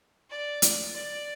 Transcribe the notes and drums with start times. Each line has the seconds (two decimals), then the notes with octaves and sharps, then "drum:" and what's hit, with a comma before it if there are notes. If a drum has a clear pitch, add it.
0.30 D5
0.62 drum: hi-hat
0.94 D5